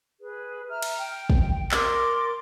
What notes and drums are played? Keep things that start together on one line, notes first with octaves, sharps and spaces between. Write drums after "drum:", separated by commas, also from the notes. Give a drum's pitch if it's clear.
G#4 B4
E5 A#5 F6
drum: cymbal
G5
drum: kick
A#4 D5 C6 D6, drum: clap